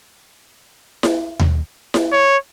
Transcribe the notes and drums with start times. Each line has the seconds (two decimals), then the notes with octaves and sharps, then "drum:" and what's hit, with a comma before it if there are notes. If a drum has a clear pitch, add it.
1.03 drum: snare E4
1.39 drum: tom D#2
1.94 drum: snare E4
2.12 C#5